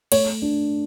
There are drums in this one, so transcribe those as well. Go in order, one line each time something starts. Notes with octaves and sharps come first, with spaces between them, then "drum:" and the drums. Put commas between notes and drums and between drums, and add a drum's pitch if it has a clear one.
A3 C#5, drum: cymbal
D4